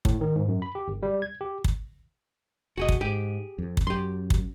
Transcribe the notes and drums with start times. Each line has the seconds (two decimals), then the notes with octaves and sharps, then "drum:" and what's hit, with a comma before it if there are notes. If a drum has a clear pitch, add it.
0.05 A2, drum: kick
0.21 D#3
0.36 G#2
0.48 F#2
0.62 B5
0.75 G4
0.88 G1
1.03 G3
1.22 G#6
1.41 G4
1.64 drum: kick
2.77 F1 F#4 G#4 D#5
2.89 drum: kick
3.01 G#2 G4 G#4
3.58 F2
3.77 drum: kick
3.87 F#2 G4 C6
4.30 drum: kick